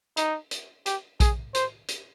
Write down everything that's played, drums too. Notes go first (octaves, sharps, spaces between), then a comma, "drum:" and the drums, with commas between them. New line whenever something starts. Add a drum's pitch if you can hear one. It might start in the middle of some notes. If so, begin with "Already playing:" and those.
D#4, drum: hi-hat
drum: hi-hat
G4, drum: hi-hat
G#4, drum: kick A#1, hi-hat
C5, drum: hi-hat
drum: hi-hat